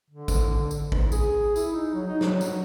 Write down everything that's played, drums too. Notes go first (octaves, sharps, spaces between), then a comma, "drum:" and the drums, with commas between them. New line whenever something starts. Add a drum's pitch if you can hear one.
D3
drum: kick A1, tambourine
drum: tambourine
drum: kick A1
G#4, drum: tambourine
E4, drum: tambourine
D#4
F#3
D#4
F#3, drum: snare
drum: tambourine